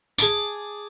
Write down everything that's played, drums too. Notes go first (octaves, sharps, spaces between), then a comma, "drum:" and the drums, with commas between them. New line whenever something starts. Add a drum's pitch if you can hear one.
G#4 A5 D6, drum: tambourine